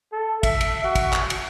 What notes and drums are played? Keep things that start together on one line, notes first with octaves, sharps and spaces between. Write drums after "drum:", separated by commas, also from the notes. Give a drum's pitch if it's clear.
A4
E5, drum: kick, cymbal
drum: cymbal
F#4
drum: kick, cymbal
drum: clap
drum: cymbal